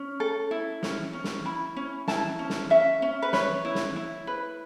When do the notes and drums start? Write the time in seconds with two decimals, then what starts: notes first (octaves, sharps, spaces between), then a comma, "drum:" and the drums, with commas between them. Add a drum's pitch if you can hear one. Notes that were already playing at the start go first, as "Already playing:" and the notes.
Already playing: C#4
0.20 A4
0.51 E4
0.83 C#4, drum: snare
1.13 C#4
1.24 drum: snare
1.45 E4 B5
1.76 C#4
2.08 E4 A5, drum: snare
2.39 C#4
2.50 drum: snare
2.70 C#4 E5
3.02 C#4
3.22 B4
3.33 B4 C#5, drum: snare
3.65 E4
3.75 drum: snare
3.96 E4
4.27 B4